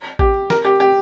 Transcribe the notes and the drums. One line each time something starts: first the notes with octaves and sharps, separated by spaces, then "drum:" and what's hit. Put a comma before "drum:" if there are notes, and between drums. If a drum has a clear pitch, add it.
G4, drum: kick A1
A#4, drum: snare
G4
G4